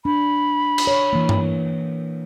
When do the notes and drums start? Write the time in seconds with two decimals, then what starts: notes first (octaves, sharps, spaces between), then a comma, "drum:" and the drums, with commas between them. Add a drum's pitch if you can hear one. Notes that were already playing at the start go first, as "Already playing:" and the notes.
0.05 D4 B5
0.78 drum: cymbal
0.87 C#5
1.13 E3 A#3
1.29 drum: tom G2